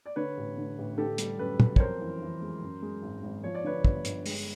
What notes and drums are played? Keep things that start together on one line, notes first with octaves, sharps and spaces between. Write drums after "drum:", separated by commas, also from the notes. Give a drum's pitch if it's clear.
D5
D3 B4 C#5
A1
D3
A1
D3 G4 A4
G3, drum: hi-hat
F#2 A4 B4
F#2, drum: tom
C#5, drum: kick
F2 A#4 C5
E3
E3
G#3
F#2
G#3
G#1
G#1
F3 C#5
D5
D3 B4 C#5
G1, drum: kick
G1, drum: hi-hat
G#3, drum: open hi-hat